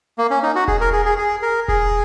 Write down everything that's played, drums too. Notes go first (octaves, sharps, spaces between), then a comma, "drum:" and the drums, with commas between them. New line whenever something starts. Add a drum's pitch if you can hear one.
A#3
C#4
D#4
F#4
G#4, drum: kick E1
A#4
G#4
G#4
G#4
A#4
G#4, drum: kick E1